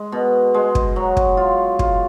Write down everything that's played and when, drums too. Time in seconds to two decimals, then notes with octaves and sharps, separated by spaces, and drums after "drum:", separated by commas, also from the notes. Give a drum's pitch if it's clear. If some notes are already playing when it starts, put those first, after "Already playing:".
Already playing: G#3
0.12 B2
0.54 G#3
0.75 drum: kick
0.96 F#3
1.17 drum: kick
1.37 F4
1.79 F4, drum: kick